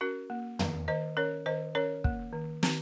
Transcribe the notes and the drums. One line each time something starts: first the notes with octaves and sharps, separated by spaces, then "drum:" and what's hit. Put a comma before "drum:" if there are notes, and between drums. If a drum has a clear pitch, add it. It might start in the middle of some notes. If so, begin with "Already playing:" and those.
C#4 F#4 A#4
A#3
D#3, drum: tom
D#3 C5 D#5
C#4 A#4 C#5
D#3 C5 D#5
C#4 A#4 C#5
A#3, drum: kick
D#3
D#3, drum: snare